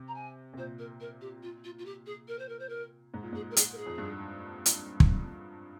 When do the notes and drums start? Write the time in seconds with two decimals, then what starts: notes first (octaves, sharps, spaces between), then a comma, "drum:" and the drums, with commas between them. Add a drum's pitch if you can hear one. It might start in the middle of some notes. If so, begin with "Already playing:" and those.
Already playing: C3
0.08 A#5
0.15 G#5
0.53 C3
0.57 A#2 C5
0.79 A#4
1.01 A#4
1.21 G4
1.43 F4
1.64 F4
1.79 F4
1.86 G4
2.06 G#4
2.28 A#4
2.39 C5
2.49 A#4
2.59 C5
2.69 A#4
3.14 G#2
3.23 A#2
3.33 G#2 G#4
3.51 A#4
3.57 G#4, drum: hi-hat
3.73 A#4
3.77 G#4
3.86 F2
3.98 G2
4.66 drum: hi-hat
5.00 drum: kick